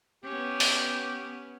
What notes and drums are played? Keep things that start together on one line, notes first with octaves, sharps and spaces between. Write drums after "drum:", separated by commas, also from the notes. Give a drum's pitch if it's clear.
B3 C#4 G4
drum: open hi-hat